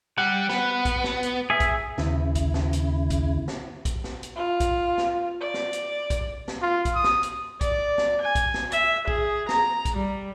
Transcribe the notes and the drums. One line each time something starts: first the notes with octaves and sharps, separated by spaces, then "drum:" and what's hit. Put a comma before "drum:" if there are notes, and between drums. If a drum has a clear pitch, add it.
G3 F#5
B3, drum: snare
drum: kick, hi-hat
drum: snare
drum: hi-hat
G#4 E5
drum: kick, hi-hat
D#2 C#3 E4, drum: snare
drum: kick, hi-hat
drum: snare
drum: hi-hat
drum: kick, hi-hat
drum: snare
drum: kick, hi-hat
drum: snare
drum: hi-hat
F4
drum: kick, hi-hat
drum: snare
D5
drum: snare
drum: hi-hat
drum: kick, hi-hat
drum: snare
F4
drum: kick, hi-hat
D#6
drum: snare
drum: hi-hat
D5, drum: kick, hi-hat
drum: snare
G#5
drum: kick, hi-hat
drum: snare
E5, drum: hi-hat
G#4, drum: kick
A#5, drum: snare
drum: kick, hi-hat
G3